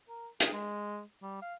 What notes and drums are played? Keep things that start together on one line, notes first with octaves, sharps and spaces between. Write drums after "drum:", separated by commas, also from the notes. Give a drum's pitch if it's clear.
A#4
G#4, drum: hi-hat
G#3
G3
F5